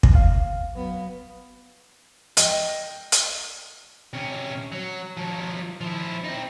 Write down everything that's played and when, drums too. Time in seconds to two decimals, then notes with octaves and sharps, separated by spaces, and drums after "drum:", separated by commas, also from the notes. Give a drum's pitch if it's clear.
0.03 drum: kick
0.15 F5
0.73 F#3 B3
2.37 D#5 G5, drum: hi-hat
3.12 drum: hi-hat
4.13 C3 C#4
4.72 F#3
5.17 F3 F#3
5.81 F3 E4
6.24 C4 D#4